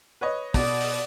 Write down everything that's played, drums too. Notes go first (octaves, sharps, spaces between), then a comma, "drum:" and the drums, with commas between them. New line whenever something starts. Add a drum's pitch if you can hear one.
B4 C#5 D#5
B2 D5, drum: kick, open hi-hat
drum: open hi-hat